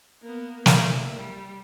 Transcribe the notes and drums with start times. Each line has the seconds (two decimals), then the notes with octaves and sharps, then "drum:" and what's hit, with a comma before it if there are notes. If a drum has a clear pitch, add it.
0.22 A#3 B3
0.66 A#3 E5, drum: snare
1.16 G3